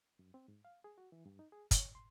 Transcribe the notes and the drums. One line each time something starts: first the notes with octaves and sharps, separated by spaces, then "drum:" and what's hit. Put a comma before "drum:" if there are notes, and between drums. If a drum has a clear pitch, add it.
F#2
C4
G#2
F5
G#4
F#4
E3
G2
D#4
G#4
C#5, drum: kick, hi-hat
C6